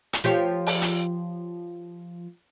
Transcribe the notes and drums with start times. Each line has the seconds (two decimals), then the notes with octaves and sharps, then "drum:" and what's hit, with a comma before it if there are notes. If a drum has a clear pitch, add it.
0.13 drum: hi-hat
0.24 F3 G4 C#5
0.66 drum: open hi-hat
0.82 drum: hi-hat